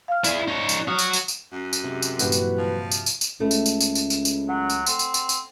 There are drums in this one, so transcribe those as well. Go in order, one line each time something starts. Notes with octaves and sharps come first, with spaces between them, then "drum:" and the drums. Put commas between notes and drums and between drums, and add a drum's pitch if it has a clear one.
F5 F6
E4 G#4 D5, drum: tambourine
D#4 C#5
drum: tambourine
F#4 C#5 D#6 F6
drum: tambourine
drum: tambourine
drum: tambourine
F#2
drum: tambourine
C3 G#3
drum: tambourine
G2 A#2 E3 F#3 F#4 G4 B4, drum: tambourine
drum: tambourine
F3
drum: tambourine
drum: tambourine
drum: tambourine
C#2 A3
drum: tambourine
drum: tambourine
drum: tambourine
drum: tambourine
drum: tambourine
drum: tambourine
F#3 F#5
drum: tambourine
C4, drum: tambourine
drum: tambourine
drum: tambourine
drum: tambourine